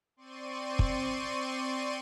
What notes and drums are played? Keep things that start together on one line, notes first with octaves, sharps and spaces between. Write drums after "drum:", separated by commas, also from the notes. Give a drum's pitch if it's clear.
C4 D5 C6 C#6 D#7
drum: kick